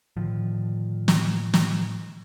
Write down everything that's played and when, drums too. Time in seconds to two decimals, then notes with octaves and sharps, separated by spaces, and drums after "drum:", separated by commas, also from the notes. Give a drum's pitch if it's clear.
0.17 A2 D3 D#3 F3
1.08 drum: snare
1.54 drum: snare